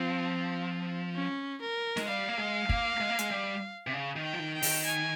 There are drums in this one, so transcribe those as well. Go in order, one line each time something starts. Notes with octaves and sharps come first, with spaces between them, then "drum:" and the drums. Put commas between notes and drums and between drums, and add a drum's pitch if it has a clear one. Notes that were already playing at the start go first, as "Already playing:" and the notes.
Already playing: F3 C4
C#4
A#4
G#3, drum: snare
G3 F5
A#3
G#3
A#3, drum: kick
G#3
A#3
G#3, drum: hi-hat
G3
C3
C#3
D#3
G5
F3
D#3
G5
D#3, drum: open hi-hat
G#5